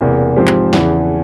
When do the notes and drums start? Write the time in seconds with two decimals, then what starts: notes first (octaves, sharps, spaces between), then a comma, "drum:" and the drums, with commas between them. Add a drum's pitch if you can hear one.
0.01 E1 E2 C3 E3 A#3
0.36 G#2 F3 C4 G4 C5
0.47 drum: clap
0.73 E2 C#3 E3, drum: snare